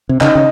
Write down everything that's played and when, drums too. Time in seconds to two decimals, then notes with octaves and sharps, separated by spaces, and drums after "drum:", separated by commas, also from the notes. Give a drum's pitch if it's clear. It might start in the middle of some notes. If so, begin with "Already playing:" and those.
0.09 C3
0.21 C#3 D#4, drum: clap
0.35 C#3